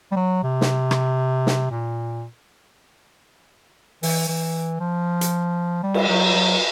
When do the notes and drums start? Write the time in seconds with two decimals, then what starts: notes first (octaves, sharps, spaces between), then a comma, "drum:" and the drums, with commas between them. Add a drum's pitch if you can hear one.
0.12 G3
0.16 F#3
0.43 C3
0.61 drum: snare
0.91 drum: rim click
1.47 drum: snare
1.71 A#2
4.03 E3, drum: open hi-hat
4.29 E3
4.80 F3
5.21 drum: hi-hat
5.83 G3
5.94 drum: cymbal
6.09 F#3
6.35 F#3